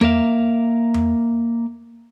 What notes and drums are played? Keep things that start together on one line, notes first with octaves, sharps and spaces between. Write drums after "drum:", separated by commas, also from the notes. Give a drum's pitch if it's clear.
A#3 A#4 E5 F5, drum: tom E2
drum: tom E2